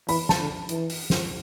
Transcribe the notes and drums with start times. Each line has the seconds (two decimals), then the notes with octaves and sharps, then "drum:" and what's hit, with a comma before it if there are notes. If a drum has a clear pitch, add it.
0.09 E3 B5, drum: open hi-hat
0.29 A5, drum: snare
0.39 D3
0.69 E3, drum: hi-hat
0.90 drum: open hi-hat
1.10 drum: snare